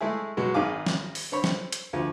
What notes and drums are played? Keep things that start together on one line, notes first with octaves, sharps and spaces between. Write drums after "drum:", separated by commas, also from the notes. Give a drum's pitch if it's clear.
G#3 A3 E4 G#4
B2 F#3 G#3
G#1 D#3 D#4 G#4 F5 D6
drum: snare
drum: open hi-hat
D3 C4 C#5 B5
drum: snare
drum: hi-hat
D2 F3